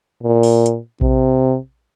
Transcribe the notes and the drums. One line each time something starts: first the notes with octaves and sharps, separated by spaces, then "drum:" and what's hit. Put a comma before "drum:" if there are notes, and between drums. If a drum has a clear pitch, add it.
A#2
drum: open hi-hat
drum: hi-hat
C3, drum: kick A#1